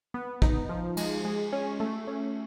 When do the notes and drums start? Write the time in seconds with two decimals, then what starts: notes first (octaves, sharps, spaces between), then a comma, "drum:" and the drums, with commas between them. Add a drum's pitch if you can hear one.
0.14 B3
0.42 D#4, drum: kick
0.69 F3
0.97 G#3, drum: cymbal
1.25 G#3
1.53 C#4
1.80 A3
2.07 C#4